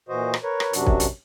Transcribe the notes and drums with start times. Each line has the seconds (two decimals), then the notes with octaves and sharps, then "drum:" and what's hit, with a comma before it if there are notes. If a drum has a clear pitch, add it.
0.09 A#2 E3 F#4 C5 D#5
0.34 drum: rim click
0.43 A#4 B4 C#5
0.60 drum: rim click
0.73 F#2 C3 F#3 D4 F#4, drum: hi-hat
0.86 drum: kick
1.00 drum: hi-hat